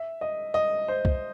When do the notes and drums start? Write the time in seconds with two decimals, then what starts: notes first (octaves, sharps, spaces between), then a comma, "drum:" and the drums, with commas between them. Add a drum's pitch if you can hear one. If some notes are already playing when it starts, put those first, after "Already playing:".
Already playing: E5
0.21 D#5
0.54 D#5
0.88 C5
1.05 drum: kick